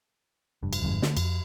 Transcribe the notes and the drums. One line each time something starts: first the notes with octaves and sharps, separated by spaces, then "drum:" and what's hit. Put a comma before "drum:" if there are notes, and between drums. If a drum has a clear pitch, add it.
F1 G2
drum: cymbal
G1 F2 G#2
D3 A3, drum: snare
F2, drum: cymbal